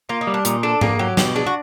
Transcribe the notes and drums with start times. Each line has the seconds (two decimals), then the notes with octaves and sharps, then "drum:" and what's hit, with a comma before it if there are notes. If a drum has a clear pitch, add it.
0.09 A#3 F4
0.21 D#4
0.27 G3
0.34 D4
0.45 A#2 D#4, drum: hi-hat
0.63 D4 A4
0.81 A#3 G#4, drum: tom G#2
0.99 F#3 G4
1.17 B2 G4, drum: snare
1.35 D4 G#4
1.47 F#4